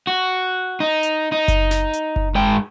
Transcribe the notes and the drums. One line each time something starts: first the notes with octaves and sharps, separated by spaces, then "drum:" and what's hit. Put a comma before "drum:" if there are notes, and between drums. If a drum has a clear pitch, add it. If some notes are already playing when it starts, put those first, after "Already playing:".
F#4
D#4
drum: hi-hat
D#4
drum: kick F#1, hi-hat
drum: snare
drum: hi-hat
drum: kick F#1
G#2 G5